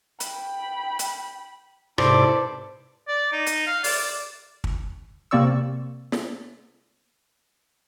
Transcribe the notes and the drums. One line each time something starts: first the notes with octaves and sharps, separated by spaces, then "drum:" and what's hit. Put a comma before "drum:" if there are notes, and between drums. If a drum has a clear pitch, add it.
G5 B5, drum: hi-hat
drum: hi-hat
G#2 C3 E4 A4 B4 C5 D5, drum: rim click
D5
D#4
drum: hi-hat
F5
D5, drum: open hi-hat
drum: kick
C3 A#3 C4 D5 C#6 E6
drum: snare